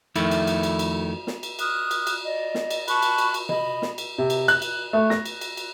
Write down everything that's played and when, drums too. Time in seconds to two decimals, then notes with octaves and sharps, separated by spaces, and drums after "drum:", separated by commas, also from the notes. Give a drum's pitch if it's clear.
0.16 F2 D#3 A3 E4, drum: cymbal
0.31 drum: cymbal
0.47 drum: cymbal
0.63 drum: cymbal
0.79 drum: cymbal
1.27 drum: snare
1.43 drum: cymbal
1.59 D#6 F6 F#6, drum: cymbal
1.91 drum: cymbal
2.07 drum: cymbal
2.26 D5 D#5
2.55 drum: snare
2.71 drum: cymbal
2.88 A5 B5 C#6 F#6, drum: cymbal
3.02 drum: cymbal
3.18 drum: cymbal
3.34 drum: cymbal
3.49 D#5 B5, drum: tom C3
3.82 drum: snare
3.98 drum: cymbal
4.18 C3
4.30 drum: cymbal
4.48 F#6, drum: cymbal
4.62 drum: cymbal
4.93 A3
5.10 A#6, drum: snare
5.26 drum: cymbal
5.41 drum: cymbal
5.57 drum: cymbal